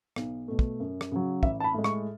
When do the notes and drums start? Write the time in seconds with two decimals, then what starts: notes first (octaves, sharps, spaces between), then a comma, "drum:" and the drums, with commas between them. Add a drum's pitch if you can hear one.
0.16 B1, drum: rim click
0.48 B2 A3
0.59 drum: kick
0.80 F#2
1.01 drum: rim click
1.12 C#3 F#3
1.43 A1 E5, drum: kick
1.60 A5
1.64 B5
1.74 A2 G#3
1.84 C#6, drum: rim click